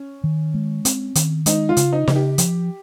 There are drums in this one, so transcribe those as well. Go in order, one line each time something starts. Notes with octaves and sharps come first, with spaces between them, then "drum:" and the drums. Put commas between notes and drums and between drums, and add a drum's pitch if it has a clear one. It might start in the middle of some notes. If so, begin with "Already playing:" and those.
Already playing: C#4
D#3
G#3
C4, drum: hi-hat
D#3, drum: hi-hat
G#3 D#4, drum: hi-hat
F4
C#3, drum: hi-hat
D#4
C#3, drum: snare
G4
F3, drum: hi-hat